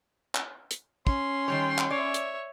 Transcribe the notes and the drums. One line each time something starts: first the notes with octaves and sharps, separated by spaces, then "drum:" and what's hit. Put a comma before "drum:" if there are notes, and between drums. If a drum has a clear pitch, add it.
drum: clap
drum: hi-hat
C#4 C6, drum: kick
D#3 G3 C#5 G5
drum: clap
C#5 D5 E5
drum: hi-hat